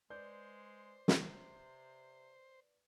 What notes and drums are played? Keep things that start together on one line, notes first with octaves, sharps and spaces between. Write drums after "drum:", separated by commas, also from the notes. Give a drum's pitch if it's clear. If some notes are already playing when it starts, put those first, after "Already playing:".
G#3 B4 C5 D5 G6
C3, drum: snare